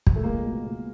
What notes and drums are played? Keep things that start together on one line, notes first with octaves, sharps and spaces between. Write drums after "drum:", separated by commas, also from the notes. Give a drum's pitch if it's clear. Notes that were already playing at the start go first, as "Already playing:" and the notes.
drum: kick
A3
C#2 G#3 A#3
B2
B2